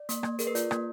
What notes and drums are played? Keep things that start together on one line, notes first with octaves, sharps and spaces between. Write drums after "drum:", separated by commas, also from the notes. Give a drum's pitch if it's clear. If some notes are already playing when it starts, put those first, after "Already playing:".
Already playing: D5
A#3, drum: hi-hat
A#3, drum: rim click
G#4 A#4, drum: hi-hat
B4
F4 D5, drum: hi-hat
A#3, drum: rim click